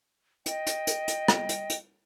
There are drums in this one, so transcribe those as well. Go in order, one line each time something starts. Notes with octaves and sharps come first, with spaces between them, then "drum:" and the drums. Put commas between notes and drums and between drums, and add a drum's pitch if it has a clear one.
D#5 G5, drum: hi-hat
drum: hi-hat
drum: hi-hat
drum: hi-hat
drum: rim click
drum: hi-hat
drum: hi-hat